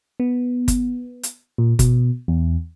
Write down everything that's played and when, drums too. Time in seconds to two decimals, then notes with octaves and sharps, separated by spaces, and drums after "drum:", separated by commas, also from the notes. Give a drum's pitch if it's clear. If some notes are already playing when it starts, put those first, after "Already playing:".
0.20 B3
0.68 drum: kick G1, hi-hat
1.23 drum: hi-hat
1.58 A#2
1.79 B2, drum: kick G1, hi-hat
2.28 E2